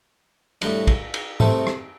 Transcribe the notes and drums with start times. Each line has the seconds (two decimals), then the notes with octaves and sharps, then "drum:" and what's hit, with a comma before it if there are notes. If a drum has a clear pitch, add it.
0.62 A2 G3 D4, drum: cymbal
0.87 drum: kick, cymbal
1.14 drum: cymbal
1.40 C2 C3 A3 C4 A4, drum: tom
1.67 drum: rim click